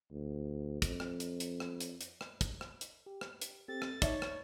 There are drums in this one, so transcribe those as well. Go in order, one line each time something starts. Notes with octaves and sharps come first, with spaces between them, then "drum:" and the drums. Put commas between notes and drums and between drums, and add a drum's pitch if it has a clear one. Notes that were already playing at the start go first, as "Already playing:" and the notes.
D2
F2, drum: kick, hi-hat
drum: rim click
drum: hi-hat
drum: hi-hat
drum: rim click
drum: hi-hat
drum: hi-hat
drum: rim click
drum: kick, hi-hat
drum: rim click
drum: hi-hat
G4
drum: rim click
drum: hi-hat
C4 G4 A4 A6
drum: rim click
D#4 C#5 D5 E5 A5, drum: kick, hi-hat
drum: rim click